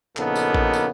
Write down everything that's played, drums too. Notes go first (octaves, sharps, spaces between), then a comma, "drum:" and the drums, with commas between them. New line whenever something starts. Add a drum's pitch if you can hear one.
A#1 C#3 A#3 B3 D#4 A4, drum: clap
drum: tambourine
drum: kick A#1
drum: tambourine